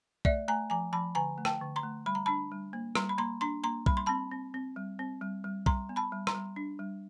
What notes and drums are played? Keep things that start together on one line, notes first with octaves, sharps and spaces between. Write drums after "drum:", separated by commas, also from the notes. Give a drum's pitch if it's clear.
A3 D5 E5, drum: kick
A3 G#5 A#5
F3 G#5 A#5
F3 A5 B5
D3 G#5 A#5
A3
G5 A5, drum: rim click
D3
A#5 C6
A3
G3 B5
A#5
D4 A5 B5
G3
A#3
G3 A#5 C6, drum: rim click
B5
A#3 A#5 C6
D4 A#5 C6
A#3 A#5 C6
G3 B5, drum: kick
C6
C4 A5 B5
C4
C4
G3
C4
G3
G3
G3 A#5 C6, drum: kick
B3
A5 B5
G3
A#5 C6, drum: rim click
G3
D4
G3